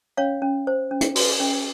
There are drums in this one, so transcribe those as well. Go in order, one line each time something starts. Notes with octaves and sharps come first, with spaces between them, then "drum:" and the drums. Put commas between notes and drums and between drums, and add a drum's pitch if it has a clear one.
C#4 C#5 F5
C#4
C5
C#4
drum: hi-hat
F#4, drum: open hi-hat
C#4